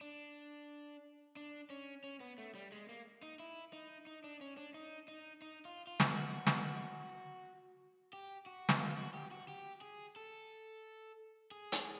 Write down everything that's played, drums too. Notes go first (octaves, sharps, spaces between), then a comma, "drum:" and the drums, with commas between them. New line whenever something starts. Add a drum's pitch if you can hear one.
D4
D4
C#4
C#4
B3
A3
G3
G#3
A#3
D#4
E4
D#4
D#4
D4
C#4
D4
D#4
D#4
D#4
F4
F4
drum: snare
F#4
drum: snare
G4
F#4
drum: snare
F4
F#4
G4
F#4
G4
G#4
A4
G#4
drum: hi-hat